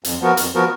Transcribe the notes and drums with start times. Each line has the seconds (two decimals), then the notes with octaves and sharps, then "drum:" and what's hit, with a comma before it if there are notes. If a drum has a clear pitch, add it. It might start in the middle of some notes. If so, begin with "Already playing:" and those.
0.04 F2, drum: hi-hat
0.20 F3 B3 F#4 A#4
0.37 F2, drum: hi-hat
0.54 F3 B3 F#4 A#4